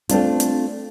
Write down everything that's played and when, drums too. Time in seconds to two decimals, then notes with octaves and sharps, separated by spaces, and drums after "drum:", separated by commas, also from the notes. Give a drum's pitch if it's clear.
0.09 A3 C4 D4 F4, drum: hi-hat
0.40 drum: hi-hat